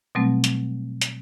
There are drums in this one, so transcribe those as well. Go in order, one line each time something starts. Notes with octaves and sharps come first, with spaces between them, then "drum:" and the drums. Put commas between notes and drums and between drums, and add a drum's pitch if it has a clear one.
B2 F#3 G3 A3 C4
drum: hi-hat
drum: hi-hat